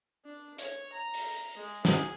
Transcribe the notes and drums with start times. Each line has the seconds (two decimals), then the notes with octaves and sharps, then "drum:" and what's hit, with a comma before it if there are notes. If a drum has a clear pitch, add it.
0.25 D4
0.58 C#5, drum: hi-hat
0.92 A#5
1.14 drum: open hi-hat
1.56 G#3
1.85 G#4, drum: snare